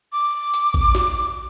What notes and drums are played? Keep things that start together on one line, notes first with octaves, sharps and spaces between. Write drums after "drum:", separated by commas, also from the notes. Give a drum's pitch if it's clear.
D6
drum: hi-hat
drum: kick A1
drum: snare